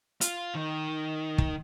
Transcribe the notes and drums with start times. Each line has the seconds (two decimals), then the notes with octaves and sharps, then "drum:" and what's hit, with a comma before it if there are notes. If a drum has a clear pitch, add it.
0.21 F4, drum: hi-hat
0.55 D#3
1.38 drum: kick